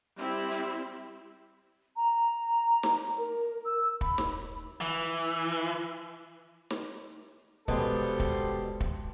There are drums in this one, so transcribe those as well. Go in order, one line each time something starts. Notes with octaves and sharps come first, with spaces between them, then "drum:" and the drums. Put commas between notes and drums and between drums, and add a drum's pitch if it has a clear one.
G3 C4 E4 E5
drum: hi-hat
A#5
drum: snare
A#4
E6
B5, drum: kick
drum: snare
E3, drum: hi-hat
drum: snare
B2 G3 G#3 B3 G4 A4 C5, drum: kick
drum: kick
drum: kick